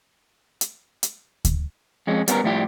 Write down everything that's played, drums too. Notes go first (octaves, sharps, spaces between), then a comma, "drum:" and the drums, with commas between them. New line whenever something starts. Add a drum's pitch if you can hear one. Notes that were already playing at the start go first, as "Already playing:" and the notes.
drum: hi-hat
drum: hi-hat
drum: kick D2, hi-hat
F2 G#3 C#4
G3 B3 C#4 D4 A#4, drum: hi-hat
A2 F3 G3 E4 G4